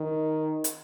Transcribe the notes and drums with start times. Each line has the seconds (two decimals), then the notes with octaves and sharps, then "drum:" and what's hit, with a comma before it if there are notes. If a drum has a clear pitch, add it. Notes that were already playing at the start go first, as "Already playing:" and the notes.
Already playing: D#3
0.64 drum: hi-hat